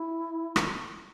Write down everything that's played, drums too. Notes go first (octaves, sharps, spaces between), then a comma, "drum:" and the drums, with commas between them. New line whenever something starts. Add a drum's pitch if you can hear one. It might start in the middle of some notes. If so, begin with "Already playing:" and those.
Already playing: E4
drum: rim click